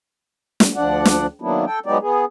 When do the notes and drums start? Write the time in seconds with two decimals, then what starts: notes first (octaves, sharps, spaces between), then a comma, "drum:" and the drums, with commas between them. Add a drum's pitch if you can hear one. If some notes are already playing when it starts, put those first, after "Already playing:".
0.60 drum: snare
0.76 D2 F3 D4 D5 F#5
1.05 drum: snare
1.42 D#3 F#3 A#3 B3 D4 E4
1.66 A4 G5
1.86 F#3 G#3 B3 D#4 G4 D5
2.01 B3 G#4